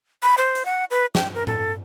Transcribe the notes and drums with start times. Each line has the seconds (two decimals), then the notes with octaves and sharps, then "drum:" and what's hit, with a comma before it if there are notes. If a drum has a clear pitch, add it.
0.23 B5
0.38 C5
0.55 drum: hi-hat
0.65 F#5
0.91 B4
1.15 G5, drum: snare
1.34 A#4
1.47 A4, drum: tom A2